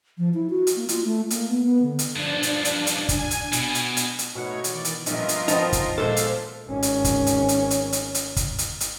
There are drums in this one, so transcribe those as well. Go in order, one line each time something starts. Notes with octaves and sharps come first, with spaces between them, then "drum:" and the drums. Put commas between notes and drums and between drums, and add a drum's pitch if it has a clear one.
F3
E4
F#4
drum: hi-hat
A#3
F4, drum: hi-hat
A3
A#3, drum: hi-hat
B3
B3
D3
drum: hi-hat
G2 F3 D4
drum: hi-hat
drum: hi-hat
drum: hi-hat
G#5, drum: kick, hi-hat
drum: hi-hat
B2, drum: hi-hat
drum: hi-hat
drum: hi-hat
drum: hi-hat
B2 A3 D#4 C#5 F#5
D#3 E3 D5, drum: hi-hat
drum: hi-hat
A#1 G2 F4 A#4 D#5, drum: hi-hat
drum: hi-hat
D#3 F3 B3 D#4 A5 D#6 A6, drum: hi-hat
drum: kick, hi-hat
A#2 G#3 A4 C5 E5 F5 A5
drum: hi-hat
G#1 C#4
drum: hi-hat
drum: kick, hi-hat
drum: hi-hat
drum: hi-hat
drum: hi-hat
drum: hi-hat
drum: hi-hat
drum: kick, hi-hat
drum: hi-hat
drum: hi-hat